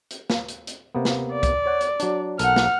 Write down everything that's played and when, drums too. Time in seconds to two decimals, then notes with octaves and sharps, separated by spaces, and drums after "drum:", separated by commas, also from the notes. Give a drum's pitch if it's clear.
0.11 drum: hi-hat
0.30 drum: snare
0.48 drum: hi-hat
0.67 drum: hi-hat
0.95 C3 A#3 B3
1.05 drum: snare
1.32 D5
1.43 drum: kick, hi-hat
1.66 C#5 F#5
1.81 drum: hi-hat
2.00 F#3 D4, drum: hi-hat
2.39 B1 A4 A#4 F#5 F6, drum: hi-hat
2.56 drum: snare